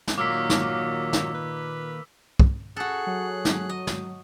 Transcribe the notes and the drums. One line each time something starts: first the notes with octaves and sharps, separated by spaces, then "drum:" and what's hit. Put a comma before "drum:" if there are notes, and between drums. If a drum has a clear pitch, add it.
drum: snare
A#2 D#3 F#3 A#3 D6 E6 B6
drum: snare
drum: snare
B4
drum: kick
F#4 G#4 A4 F#6
F#3
drum: snare
D#5
drum: snare